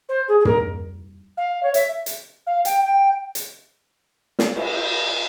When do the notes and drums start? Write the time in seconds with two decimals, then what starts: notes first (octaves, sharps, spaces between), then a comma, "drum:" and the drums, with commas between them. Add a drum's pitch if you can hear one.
0.08 C5
0.28 G#4
0.39 G#4
0.45 A#4, drum: tom
1.37 F5
1.63 C#5
1.74 E5, drum: hi-hat
2.06 drum: hi-hat
2.46 F5
2.65 G5, drum: hi-hat
2.82 G5
3.35 drum: hi-hat
4.39 drum: snare
4.56 drum: cymbal